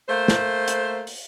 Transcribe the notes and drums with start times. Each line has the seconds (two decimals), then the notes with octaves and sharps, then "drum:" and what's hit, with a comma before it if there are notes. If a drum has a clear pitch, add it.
0.09 A3 A#3 C5
0.28 drum: snare
0.68 drum: hi-hat
1.07 drum: open hi-hat